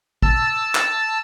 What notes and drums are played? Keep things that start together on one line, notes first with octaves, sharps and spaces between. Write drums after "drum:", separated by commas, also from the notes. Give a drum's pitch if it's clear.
A5 E6 A6, drum: kick
drum: clap